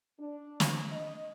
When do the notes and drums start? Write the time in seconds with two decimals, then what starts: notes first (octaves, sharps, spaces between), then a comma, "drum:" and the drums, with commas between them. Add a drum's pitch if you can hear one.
0.20 D4
0.60 drum: snare
0.91 D#5